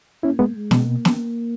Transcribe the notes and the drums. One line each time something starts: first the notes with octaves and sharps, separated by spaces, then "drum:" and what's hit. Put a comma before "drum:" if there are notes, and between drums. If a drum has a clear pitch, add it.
A#3 C#4 E4
G#3 B3
G#3
B2, drum: snare
A#3
drum: snare